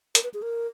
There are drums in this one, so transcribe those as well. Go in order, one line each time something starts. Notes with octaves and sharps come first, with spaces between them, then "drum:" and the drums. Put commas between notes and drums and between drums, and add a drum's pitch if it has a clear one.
A#4, drum: hi-hat
B4
G#4
A#4